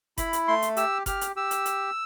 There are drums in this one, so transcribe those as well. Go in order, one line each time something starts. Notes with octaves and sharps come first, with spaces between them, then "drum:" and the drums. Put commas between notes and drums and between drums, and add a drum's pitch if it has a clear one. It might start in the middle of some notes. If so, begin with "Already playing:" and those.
E4 B5, drum: kick F#1, hi-hat
drum: hi-hat
A3 C6
drum: hi-hat
G4 E6, drum: hi-hat
G4 F6, drum: kick F#1, hi-hat
drum: hi-hat
G4 E6
drum: hi-hat
drum: hi-hat